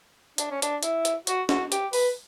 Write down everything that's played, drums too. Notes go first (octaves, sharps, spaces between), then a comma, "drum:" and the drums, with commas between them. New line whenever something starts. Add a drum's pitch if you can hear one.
D4, drum: hi-hat
C#4
D4, drum: hi-hat
E4, drum: hi-hat
drum: hi-hat
F#4, drum: hi-hat
F#4, drum: snare
G4, drum: hi-hat
B4, drum: open hi-hat